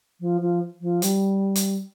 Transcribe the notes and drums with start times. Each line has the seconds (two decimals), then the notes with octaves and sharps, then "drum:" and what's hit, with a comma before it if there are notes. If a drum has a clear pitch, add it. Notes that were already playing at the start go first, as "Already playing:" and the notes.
0.20 F3
0.41 F3
0.81 F3
1.02 G3, drum: hi-hat
1.56 drum: hi-hat